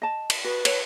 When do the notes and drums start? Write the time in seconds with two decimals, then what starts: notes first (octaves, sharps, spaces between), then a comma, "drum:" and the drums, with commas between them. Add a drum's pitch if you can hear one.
0.02 D#5 A5
0.30 drum: cymbal
0.44 F#4 B4
0.65 C#5, drum: cymbal